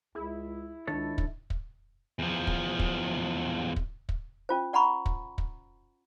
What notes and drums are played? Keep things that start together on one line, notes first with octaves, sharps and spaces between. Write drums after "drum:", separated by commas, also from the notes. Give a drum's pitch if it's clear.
C#2 E4 G#4
C#2 D#3 D4 A4 C#5 D#5
drum: kick
drum: kick
E2 F3
drum: kick
drum: kick
drum: kick
drum: kick
C#4 F4 C5
D5 F#5 A#5 B5 C#6
drum: kick
drum: kick